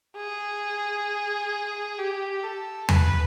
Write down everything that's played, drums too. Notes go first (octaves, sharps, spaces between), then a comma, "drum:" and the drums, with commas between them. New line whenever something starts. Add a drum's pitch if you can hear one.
G#4
G4
A4
B4, drum: tom E2